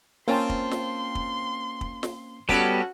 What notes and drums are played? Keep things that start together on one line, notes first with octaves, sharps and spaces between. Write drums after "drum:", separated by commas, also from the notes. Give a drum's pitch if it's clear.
A#3 C4 C#4 F4 A5 C6
drum: kick
drum: snare
drum: kick
drum: kick
drum: snare
G3 B3 C#4 F#4 G4 A4 B4, drum: kick